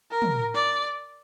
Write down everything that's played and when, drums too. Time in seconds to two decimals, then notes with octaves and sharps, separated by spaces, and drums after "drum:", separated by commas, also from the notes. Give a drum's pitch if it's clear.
0.11 A#4
0.22 drum: tom
0.54 D5